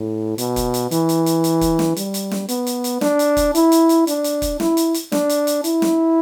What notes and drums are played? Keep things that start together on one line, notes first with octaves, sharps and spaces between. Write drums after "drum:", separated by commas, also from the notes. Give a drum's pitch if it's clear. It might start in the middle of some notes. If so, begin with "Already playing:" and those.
Already playing: A2
B2, drum: hi-hat
drum: kick, hi-hat
drum: hi-hat
E3, drum: hi-hat
drum: hi-hat
drum: hi-hat
drum: hi-hat
drum: kick, hi-hat
drum: snare
G3, drum: hi-hat
drum: hi-hat
drum: snare
B3, drum: hi-hat
drum: hi-hat
drum: hi-hat
D4, drum: snare
drum: hi-hat
drum: kick, hi-hat
E4, drum: hi-hat
drum: hi-hat
drum: hi-hat
D4, drum: hi-hat
drum: hi-hat
drum: kick, hi-hat
E4, drum: snare
drum: hi-hat
drum: hi-hat
D4, drum: snare
drum: hi-hat
drum: hi-hat
E4, drum: hi-hat
drum: snare